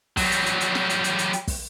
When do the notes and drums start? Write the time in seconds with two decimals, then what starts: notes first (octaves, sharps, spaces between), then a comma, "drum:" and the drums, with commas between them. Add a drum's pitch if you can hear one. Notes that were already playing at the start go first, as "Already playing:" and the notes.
0.17 F#3 G3, drum: kick, open hi-hat
0.32 drum: hi-hat
0.46 drum: hi-hat
0.61 drum: hi-hat
0.75 drum: snare
0.90 drum: hi-hat
1.04 drum: hi-hat
1.19 drum: hi-hat
1.33 drum: hi-hat
1.48 drum: kick, open hi-hat